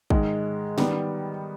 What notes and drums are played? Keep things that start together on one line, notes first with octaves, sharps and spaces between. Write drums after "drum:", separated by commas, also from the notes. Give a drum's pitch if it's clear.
G#2 D#3 G#3, drum: kick
D#3 G3 B3, drum: snare